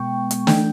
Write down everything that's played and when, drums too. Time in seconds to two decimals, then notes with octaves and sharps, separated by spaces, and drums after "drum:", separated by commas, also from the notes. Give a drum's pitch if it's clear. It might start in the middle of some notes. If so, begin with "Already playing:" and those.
Already playing: B2 G#3 B3 G5 C#6
0.31 drum: hi-hat
0.47 E3 A3 D4 G5, drum: snare